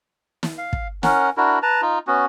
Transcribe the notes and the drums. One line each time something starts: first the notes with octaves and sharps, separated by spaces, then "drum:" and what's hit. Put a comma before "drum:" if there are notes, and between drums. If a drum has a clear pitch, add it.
drum: snare
F5
drum: kick
C#4 A#4 F#5, drum: snare
D4 E4 F#4 A#4
B4 A5 A#5
D#4 F4
B3 C#4 F#4